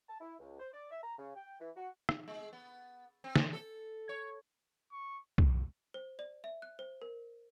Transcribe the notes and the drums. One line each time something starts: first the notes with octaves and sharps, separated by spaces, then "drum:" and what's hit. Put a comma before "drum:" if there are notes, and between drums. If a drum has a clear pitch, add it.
A5
E4
C#2
C5
D5
E5
A#5
C#3
G5
E3
F#4
drum: rim click
G#3
B3
C4
drum: snare
A4
C#5
C#6
drum: kick
C5
D5
E5
F#6
C5
A#4